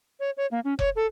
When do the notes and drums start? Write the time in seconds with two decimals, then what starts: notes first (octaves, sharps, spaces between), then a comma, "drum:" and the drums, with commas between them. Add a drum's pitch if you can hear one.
0.20 C#5
0.37 C#5
0.51 A#3
0.64 C#4
0.79 C#5, drum: kick F1
0.96 A4